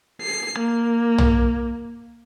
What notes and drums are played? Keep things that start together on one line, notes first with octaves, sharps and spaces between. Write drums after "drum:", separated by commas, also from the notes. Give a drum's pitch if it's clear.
C7
A#3
drum: tom